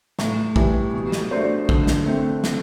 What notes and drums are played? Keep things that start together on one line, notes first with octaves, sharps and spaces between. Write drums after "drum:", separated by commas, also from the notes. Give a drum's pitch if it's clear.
A2, drum: snare
E3 G3, drum: kick
B2
drum: snare
A3 D4 F#4 C5
D3, drum: kick
drum: snare
A3 C4
drum: snare